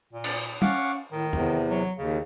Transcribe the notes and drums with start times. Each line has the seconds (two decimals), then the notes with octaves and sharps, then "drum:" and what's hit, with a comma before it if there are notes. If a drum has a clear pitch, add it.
0.13 A#2
0.24 drum: cymbal
0.62 C#4 F5 F#5 D6, drum: tom
1.12 A2 D#3
1.33 E2 C3, drum: tom
1.69 F#3
1.98 D#2 C#3